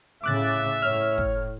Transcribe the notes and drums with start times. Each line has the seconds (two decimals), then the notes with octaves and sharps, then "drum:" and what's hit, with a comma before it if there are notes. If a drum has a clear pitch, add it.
0.24 A2 C#3 E5 D6 F#6 A6
0.82 A2 C#5 F6
1.18 drum: kick